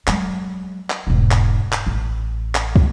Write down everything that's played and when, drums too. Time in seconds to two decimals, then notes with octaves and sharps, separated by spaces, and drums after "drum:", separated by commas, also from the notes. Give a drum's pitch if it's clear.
0.07 F#3 G#3, drum: clap
0.90 drum: clap
1.07 E1 G#2
1.31 drum: clap
1.72 drum: clap
1.87 A1
2.55 drum: clap
2.76 drum: kick